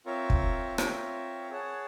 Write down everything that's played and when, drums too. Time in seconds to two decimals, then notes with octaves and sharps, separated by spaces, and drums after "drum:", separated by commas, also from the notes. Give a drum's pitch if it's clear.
0.06 C4 F4 A#4 C#5 E5
0.30 drum: kick
0.78 C4 F4 A#4 C#5 E5, drum: rim click
1.50 G#4 C#5 F#5 A5